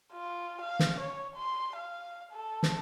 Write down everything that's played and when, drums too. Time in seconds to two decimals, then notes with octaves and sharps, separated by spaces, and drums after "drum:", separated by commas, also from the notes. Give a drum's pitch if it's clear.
0.13 F4
0.61 F5
0.79 drum: snare
1.00 C#5
1.36 C6
1.76 F5
2.31 A4
2.63 drum: snare